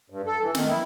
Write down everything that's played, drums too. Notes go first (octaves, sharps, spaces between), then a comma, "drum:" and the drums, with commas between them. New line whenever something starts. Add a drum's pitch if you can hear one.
G2
A4
E3
D#3, drum: snare
E4